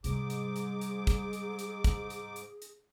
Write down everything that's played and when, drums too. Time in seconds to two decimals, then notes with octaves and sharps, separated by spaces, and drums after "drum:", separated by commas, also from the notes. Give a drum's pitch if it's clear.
0.04 G#2 C3 G3 G#4 D6, drum: hi-hat
0.30 drum: hi-hat
0.56 drum: hi-hat
0.81 drum: hi-hat
1.07 drum: kick, hi-hat
1.33 drum: hi-hat
1.59 drum: hi-hat
1.84 drum: kick, hi-hat
2.10 drum: hi-hat
2.36 drum: hi-hat
2.62 drum: hi-hat